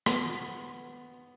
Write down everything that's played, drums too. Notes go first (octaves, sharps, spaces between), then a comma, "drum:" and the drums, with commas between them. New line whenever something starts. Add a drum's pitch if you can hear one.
B3, drum: rim click